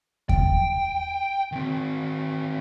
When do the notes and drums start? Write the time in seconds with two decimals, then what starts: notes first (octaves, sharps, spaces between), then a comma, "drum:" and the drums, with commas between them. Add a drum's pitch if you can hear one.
0.29 G5, drum: kick E2
1.52 D#3 C4